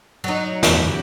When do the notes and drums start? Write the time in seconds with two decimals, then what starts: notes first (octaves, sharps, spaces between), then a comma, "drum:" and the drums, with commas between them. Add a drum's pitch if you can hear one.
0.24 F#3 D#4
0.63 E2 G4, drum: snare
0.86 C#3 F#4 G4